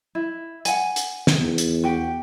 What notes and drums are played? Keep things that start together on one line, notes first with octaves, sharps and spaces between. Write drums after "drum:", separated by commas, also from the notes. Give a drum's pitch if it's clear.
E4
F#5 G#5, drum: hi-hat
drum: hi-hat
drum: snare
E2
drum: hi-hat
F#4 G4 G5